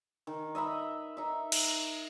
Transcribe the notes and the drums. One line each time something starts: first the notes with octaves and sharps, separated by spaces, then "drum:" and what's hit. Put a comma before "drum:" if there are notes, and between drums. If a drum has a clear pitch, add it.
D#3
D#5 E5 A#5 B5
D#4 E5
drum: cymbal